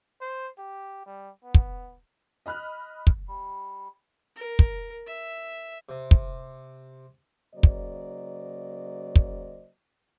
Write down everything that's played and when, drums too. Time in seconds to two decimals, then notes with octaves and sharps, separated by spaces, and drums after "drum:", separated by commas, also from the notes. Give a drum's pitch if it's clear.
0.21 C5
0.58 G4
1.06 G3
1.44 B3
1.54 drum: kick
2.46 D#5 B5 F6 F#6
3.07 drum: kick
3.28 G3
4.36 A#4
4.59 drum: kick
5.06 E5
5.89 C3
6.11 drum: kick
7.54 C#3 F#3 A#3 C5 D5 D#5
7.63 drum: kick
9.16 drum: kick